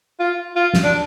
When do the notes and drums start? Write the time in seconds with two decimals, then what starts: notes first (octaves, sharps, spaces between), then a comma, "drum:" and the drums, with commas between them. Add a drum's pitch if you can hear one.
0.20 F4
0.56 F4
0.74 drum: snare
0.84 D4